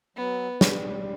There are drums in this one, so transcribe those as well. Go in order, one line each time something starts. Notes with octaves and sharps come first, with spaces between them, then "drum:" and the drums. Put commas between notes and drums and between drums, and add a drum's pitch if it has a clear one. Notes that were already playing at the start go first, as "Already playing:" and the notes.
F#3 B3
G3, drum: snare